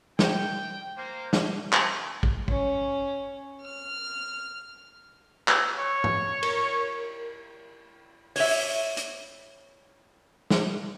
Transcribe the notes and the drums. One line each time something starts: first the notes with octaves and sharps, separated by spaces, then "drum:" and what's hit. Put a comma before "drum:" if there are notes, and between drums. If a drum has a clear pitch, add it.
G5, drum: snare
A#3 C5
drum: snare
drum: clap
drum: kick
C#4, drum: kick
F6
drum: clap
C#5
drum: tom
A#4, drum: cymbal
C#5 E5, drum: open hi-hat
drum: hi-hat
drum: snare